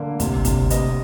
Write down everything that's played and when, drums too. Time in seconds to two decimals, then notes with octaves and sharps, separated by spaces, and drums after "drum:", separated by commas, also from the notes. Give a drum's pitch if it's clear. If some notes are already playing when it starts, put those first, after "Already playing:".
Already playing: D3 A#3
0.20 C3, drum: kick, hi-hat
0.45 C3, drum: kick, hi-hat
0.70 C3 D#5, drum: hi-hat